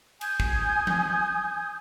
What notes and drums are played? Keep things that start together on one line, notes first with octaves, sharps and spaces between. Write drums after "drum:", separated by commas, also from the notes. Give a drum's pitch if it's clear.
G#5 D#6 G6 G#6, drum: cymbal
drum: kick
drum: tom E3